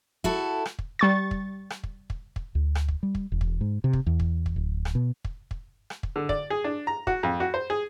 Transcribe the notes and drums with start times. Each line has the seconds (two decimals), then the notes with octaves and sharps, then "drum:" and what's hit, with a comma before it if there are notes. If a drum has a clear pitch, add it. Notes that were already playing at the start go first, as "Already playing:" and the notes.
0.24 E4 F#4 A4, drum: kick
0.65 drum: rim click
0.79 drum: kick
0.99 G3 C#6 A6
1.31 drum: kick
1.70 drum: rim click
1.84 drum: kick
2.10 drum: kick
2.36 drum: kick
2.55 D2
2.75 drum: rim click
2.88 drum: kick
3.03 G3
3.15 drum: kick
3.32 E1
3.41 drum: kick
3.61 G#2
3.84 C3
3.93 drum: kick
4.06 E2
4.20 drum: kick
4.46 drum: kick
4.56 D1
4.85 drum: rim click
4.95 B2
5.25 drum: kick
5.51 drum: kick
5.90 drum: rim click
6.03 drum: kick
6.16 D3
6.29 D5, drum: kick
6.50 G#4
6.64 D4
6.87 A#5
7.07 F#4, drum: kick
7.23 F2
7.40 F#4
7.54 C5
7.70 G#4